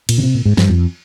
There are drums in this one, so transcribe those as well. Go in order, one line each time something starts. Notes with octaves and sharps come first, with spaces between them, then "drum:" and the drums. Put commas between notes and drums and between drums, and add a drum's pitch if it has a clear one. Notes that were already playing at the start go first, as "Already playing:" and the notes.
A#2, drum: cymbal
C#3
C3
A#2
G#2
G2, drum: snare
F2